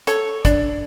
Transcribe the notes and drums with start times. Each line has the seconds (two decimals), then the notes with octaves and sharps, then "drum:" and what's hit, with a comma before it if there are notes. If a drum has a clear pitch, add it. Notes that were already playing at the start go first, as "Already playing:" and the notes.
0.07 A4 C#5, drum: hi-hat
0.45 D4, drum: kick, hi-hat